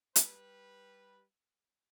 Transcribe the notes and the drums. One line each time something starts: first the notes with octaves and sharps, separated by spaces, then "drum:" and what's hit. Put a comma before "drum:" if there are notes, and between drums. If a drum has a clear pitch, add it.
G3 B4, drum: hi-hat